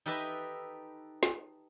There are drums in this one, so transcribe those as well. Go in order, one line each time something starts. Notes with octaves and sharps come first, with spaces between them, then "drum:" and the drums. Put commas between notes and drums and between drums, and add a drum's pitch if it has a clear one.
D#4 G4 A4 B4 D#5 E5
drum: snare